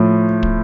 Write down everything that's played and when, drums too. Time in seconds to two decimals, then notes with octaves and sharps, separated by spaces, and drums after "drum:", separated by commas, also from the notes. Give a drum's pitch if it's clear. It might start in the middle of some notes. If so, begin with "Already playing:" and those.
Already playing: A2 F3
0.43 drum: kick